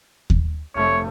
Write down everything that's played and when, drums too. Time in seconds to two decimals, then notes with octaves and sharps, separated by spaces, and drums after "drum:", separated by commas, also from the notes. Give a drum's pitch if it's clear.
0.30 drum: kick D#2
0.76 F1 A3 C#5